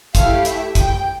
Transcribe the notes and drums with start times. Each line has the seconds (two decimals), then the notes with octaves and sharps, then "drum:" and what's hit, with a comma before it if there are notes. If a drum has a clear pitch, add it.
0.15 A3 E4 G4 F5, drum: kick, hi-hat
0.45 E5, drum: hi-hat
0.75 G5, drum: kick, hi-hat